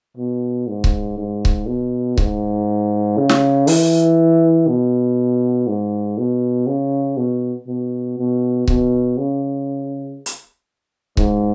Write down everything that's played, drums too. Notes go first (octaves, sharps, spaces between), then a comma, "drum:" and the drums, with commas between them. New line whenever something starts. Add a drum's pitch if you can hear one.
B2
G#2
drum: kick C#1
G#2
drum: kick C#1
B2
G#2, drum: kick C#1
C#3
drum: snare
E3, drum: open hi-hat
B2
G#2
B2
C#3
B2
B2
B2
B2, drum: kick C#1
C#3
drum: hi-hat
G#2, drum: kick C#1